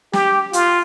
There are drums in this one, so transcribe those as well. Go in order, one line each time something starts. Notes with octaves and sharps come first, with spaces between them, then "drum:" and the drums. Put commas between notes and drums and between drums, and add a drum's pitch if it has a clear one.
G4, drum: snare
F4, drum: hi-hat